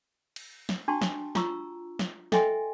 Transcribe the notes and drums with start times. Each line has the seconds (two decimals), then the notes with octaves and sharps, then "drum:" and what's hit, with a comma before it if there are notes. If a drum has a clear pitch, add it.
0.36 drum: cymbal
0.69 drum: snare
0.88 D4 F#4 G5 A5 C6 C#6
1.02 drum: snare
1.35 F4 A#5 C#6 E6, drum: snare
1.99 drum: snare
2.32 A4 D#5 E5 G5 G#5 C6, drum: snare